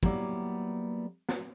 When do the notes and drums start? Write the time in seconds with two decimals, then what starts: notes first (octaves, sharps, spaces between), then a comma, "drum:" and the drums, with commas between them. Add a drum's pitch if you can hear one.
0.03 F#3 G3 A#3 B3 E4 D5, drum: kick
1.29 drum: snare